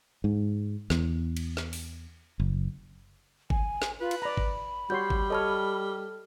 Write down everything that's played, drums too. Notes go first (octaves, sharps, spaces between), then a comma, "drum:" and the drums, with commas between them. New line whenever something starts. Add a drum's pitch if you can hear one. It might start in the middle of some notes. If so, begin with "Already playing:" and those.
G#2
E2, drum: snare
drum: cymbal
drum: snare
drum: open hi-hat
F#1
G#5, drum: kick G#1
drum: snare
F4 B4
drum: cymbal
D5 A#5 B5
drum: kick G#1
G3 F#4 C#5 C6 G6
drum: kick G#1
A4 C#5 D#5 A5 F6